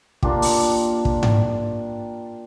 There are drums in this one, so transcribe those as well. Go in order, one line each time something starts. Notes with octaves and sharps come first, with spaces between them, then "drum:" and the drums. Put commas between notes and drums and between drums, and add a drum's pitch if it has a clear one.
A#3 D4 F4 G4, drum: kick
drum: open hi-hat
drum: kick
drum: tom G#2